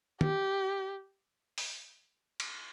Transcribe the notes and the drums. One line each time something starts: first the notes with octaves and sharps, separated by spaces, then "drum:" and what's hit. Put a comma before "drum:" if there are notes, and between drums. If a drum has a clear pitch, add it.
G4, drum: tom
drum: open hi-hat
drum: cymbal